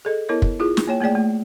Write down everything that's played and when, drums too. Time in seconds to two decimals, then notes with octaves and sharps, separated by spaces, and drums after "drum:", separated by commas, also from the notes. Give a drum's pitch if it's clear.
0.05 G#4 A4 D#5
0.29 B3 E4 A#4 C#5 D#5
0.42 drum: kick
0.60 E4 F4 G#4
0.77 drum: snare
0.87 A#3 C#5 G5
1.01 A3 A#3 G#4 D5 G5
1.15 A3